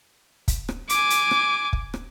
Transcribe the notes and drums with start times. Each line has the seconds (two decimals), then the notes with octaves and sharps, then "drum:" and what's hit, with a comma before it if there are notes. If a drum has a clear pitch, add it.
0.48 drum: kick, hi-hat
0.69 drum: rim click
0.89 G#5 D6, drum: hi-hat
1.10 drum: hi-hat
1.31 drum: rim click
1.73 drum: kick
1.94 drum: rim click